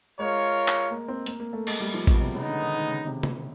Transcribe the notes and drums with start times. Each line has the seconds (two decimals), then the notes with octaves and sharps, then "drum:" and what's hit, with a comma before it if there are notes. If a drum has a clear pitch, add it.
0.19 G#3 F4 A#4 C#5
0.68 drum: clap
0.91 A#3
1.08 C4
1.26 A#3, drum: hi-hat
1.40 A#3
1.53 A3
1.67 G#3, drum: cymbal
1.80 G3
1.94 F3
2.07 B2, drum: kick A1
2.21 C3
2.34 C#3 G#3 B3 D#4
2.48 D3
2.61 D#3
2.74 D#3
2.88 C#3
3.06 C3
3.23 C3, drum: tom C3